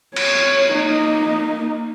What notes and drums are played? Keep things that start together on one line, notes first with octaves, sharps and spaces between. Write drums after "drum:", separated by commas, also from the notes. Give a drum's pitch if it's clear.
C#5, drum: cymbal
A#3 D#4